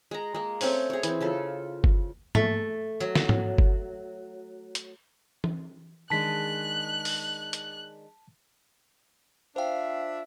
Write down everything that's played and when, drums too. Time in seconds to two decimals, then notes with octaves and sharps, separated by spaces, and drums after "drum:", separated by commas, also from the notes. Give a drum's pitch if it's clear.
0.11 G#3 A#5
0.34 G#3 A#3
0.61 A3 C4 C#4 C#5, drum: open hi-hat
0.90 G#4 C#5
1.03 E3 C4, drum: hi-hat
1.21 C#3 F4 A4
1.84 drum: kick G1
2.35 A3, drum: tom G#2
3.00 F#3
3.15 drum: snare
3.29 drum: tom G#2
3.58 drum: kick G1
4.75 drum: hi-hat
5.44 drum: tom E3
6.10 D#3 G#3 D4 A5 F#6 B6
7.05 drum: open hi-hat
7.53 drum: hi-hat
9.56 D4 F4 C5 E5 F5 G5